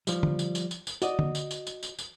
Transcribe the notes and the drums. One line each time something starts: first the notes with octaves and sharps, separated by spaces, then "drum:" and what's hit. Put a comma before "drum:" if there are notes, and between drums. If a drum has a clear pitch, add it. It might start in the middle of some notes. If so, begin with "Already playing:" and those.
F3 G3, drum: tambourine
drum: tom D3
drum: tambourine
drum: tambourine
drum: tambourine
drum: tambourine
F#4 D5 D#5, drum: tambourine
drum: tom D3
drum: tambourine
drum: tambourine
drum: tambourine
drum: tambourine
drum: tambourine